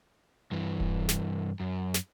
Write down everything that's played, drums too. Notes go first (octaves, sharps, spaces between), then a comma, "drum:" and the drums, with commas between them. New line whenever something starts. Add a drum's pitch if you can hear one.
G2 E3
drum: kick D#1
drum: snare
F#2
drum: snare